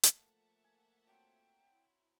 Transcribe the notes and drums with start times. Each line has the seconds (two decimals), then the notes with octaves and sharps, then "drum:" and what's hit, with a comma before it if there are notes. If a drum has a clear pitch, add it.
0.03 drum: hi-hat
0.13 F3 A3 A#3 E5 F#5 A5
0.64 G#5
1.07 F#3 C4 G5
1.71 E4